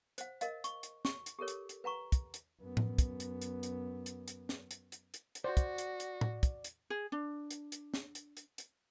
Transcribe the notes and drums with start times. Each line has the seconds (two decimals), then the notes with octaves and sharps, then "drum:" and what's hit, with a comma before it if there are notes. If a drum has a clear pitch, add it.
0.18 C5 F#5, drum: hi-hat
0.41 A#4 D#5 F5, drum: hi-hat
0.64 C#6, drum: hi-hat
0.83 drum: hi-hat
1.05 F#4 C#6, drum: snare
1.26 drum: hi-hat
1.39 G4 A4 A#4 C#5
1.48 drum: hi-hat
1.69 drum: hi-hat
1.84 B4 F#5 A#5 C#6
2.12 drum: kick, hi-hat
2.34 drum: hi-hat
2.61 F#2 B3
2.77 drum: tom A2
2.98 drum: kick, hi-hat
3.20 drum: hi-hat
3.42 drum: hi-hat
3.63 drum: hi-hat
4.06 drum: hi-hat
4.28 drum: hi-hat
4.49 drum: snare
4.71 drum: hi-hat
4.92 drum: hi-hat
5.14 drum: hi-hat
5.35 drum: hi-hat
5.44 F#4 C5 D5
5.57 drum: kick, hi-hat
5.78 drum: hi-hat
6.00 drum: hi-hat
6.21 drum: tom
6.43 drum: kick, hi-hat
6.64 drum: hi-hat
6.90 G#4
7.12 D4
7.51 drum: hi-hat
7.72 drum: hi-hat
7.94 drum: snare
8.15 drum: hi-hat
8.37 drum: hi-hat
8.58 drum: hi-hat